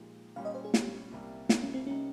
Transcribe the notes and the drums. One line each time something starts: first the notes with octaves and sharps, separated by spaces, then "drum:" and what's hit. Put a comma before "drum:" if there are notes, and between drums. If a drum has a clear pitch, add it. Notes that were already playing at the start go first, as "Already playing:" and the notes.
Already playing: A#2 F3 G#3 D#4 G4
A#2 G3 C#4 F5
D#5
C5
G#4
G4, drum: snare
C2 C3 G3 A#3
D#4, drum: snare
C#4
C4
C3 G3 A#3 C#4 D#4